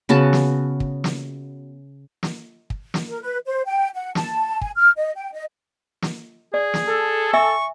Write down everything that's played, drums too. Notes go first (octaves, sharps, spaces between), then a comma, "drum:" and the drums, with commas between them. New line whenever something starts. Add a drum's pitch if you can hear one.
C#3 B3 F#4 A5
drum: snare
drum: kick
drum: snare
drum: snare
drum: kick
drum: snare
A#4
B4
C5
G5
F#5
A5, drum: snare
G#5, drum: kick
F6
D#5
G5
D#5
drum: snare
G#4 D5
drum: snare
A4
E5 G#5 C#6 E6